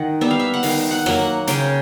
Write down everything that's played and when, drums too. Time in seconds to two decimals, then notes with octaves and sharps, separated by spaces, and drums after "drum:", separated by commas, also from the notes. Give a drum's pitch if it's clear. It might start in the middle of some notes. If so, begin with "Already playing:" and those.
Already playing: D#3 F#5
0.21 G3 B3 E5
0.31 F5
0.40 E5
0.54 F#5
0.63 D#3 F5, drum: open hi-hat
0.91 F#5
1.06 F#3 A#3, drum: rim click
1.19 F#5
1.47 C#3 G5, drum: hi-hat